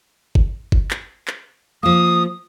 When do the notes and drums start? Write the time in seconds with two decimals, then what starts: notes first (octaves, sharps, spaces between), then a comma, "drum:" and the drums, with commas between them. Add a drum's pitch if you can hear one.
0.35 drum: kick G1
0.72 drum: kick G1
0.91 drum: clap
1.28 drum: clap
1.83 F3 A#3 D#6